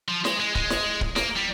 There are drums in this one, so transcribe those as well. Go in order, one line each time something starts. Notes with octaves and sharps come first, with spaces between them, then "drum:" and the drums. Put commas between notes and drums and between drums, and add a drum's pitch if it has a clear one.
F3
G#3, drum: snare
G#3
G#3, drum: kick D1
drum: snare
drum: kick D1
A#3, drum: snare
G3